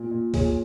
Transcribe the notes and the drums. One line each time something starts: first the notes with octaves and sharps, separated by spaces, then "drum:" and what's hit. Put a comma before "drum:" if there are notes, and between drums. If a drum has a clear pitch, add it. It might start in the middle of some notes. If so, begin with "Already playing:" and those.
Already playing: A#2
A#2
A#2 G#4 C#5, drum: kick, open hi-hat